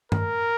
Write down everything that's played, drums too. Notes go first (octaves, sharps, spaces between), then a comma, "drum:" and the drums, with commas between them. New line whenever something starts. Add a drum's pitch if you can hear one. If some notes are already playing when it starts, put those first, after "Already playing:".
A#4, drum: tom G2